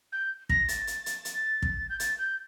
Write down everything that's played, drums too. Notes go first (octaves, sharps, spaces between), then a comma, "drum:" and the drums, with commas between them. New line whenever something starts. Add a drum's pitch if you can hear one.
G6
A#6, drum: kick
A6, drum: hi-hat
drum: hi-hat
drum: hi-hat
drum: hi-hat
drum: kick
G6
A6, drum: hi-hat
G6